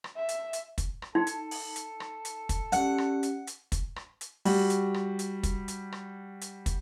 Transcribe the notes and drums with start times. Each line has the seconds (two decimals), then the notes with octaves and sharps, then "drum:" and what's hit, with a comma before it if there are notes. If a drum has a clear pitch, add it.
0.04 drum: rim click
0.17 E5
0.29 drum: hi-hat
0.53 drum: hi-hat
0.78 drum: kick, hi-hat
1.02 drum: rim click
1.15 D#4 A4
1.27 drum: hi-hat
1.51 drum: open hi-hat
1.76 drum: hi-hat
2.00 drum: rim click
2.25 drum: hi-hat
2.49 drum: kick, hi-hat
2.72 C#4 G4 D5 F#5, drum: hi-hat
2.98 drum: rim click
3.23 drum: hi-hat
3.47 drum: hi-hat
3.72 drum: kick, hi-hat
3.96 drum: rim click
4.21 drum: hi-hat
4.45 G3 F#4, drum: open hi-hat
4.70 drum: hi-hat
4.94 drum: rim click
5.19 drum: hi-hat
5.43 drum: kick, hi-hat
5.68 drum: hi-hat
5.92 drum: rim click
6.41 drum: hi-hat
6.66 drum: kick, hi-hat